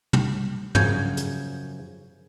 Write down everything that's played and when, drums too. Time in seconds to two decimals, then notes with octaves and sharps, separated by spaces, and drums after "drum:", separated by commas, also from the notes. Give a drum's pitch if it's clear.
0.13 drum: tom
0.75 F#2 C#3 F3 G6 G#6, drum: tom
1.17 drum: hi-hat